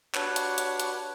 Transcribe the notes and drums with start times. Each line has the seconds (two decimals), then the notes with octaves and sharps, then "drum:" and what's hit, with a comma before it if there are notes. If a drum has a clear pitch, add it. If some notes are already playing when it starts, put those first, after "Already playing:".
0.14 D4 F#4 G4 B4 C#5, drum: clap
0.36 drum: hi-hat
0.58 drum: hi-hat
0.80 drum: hi-hat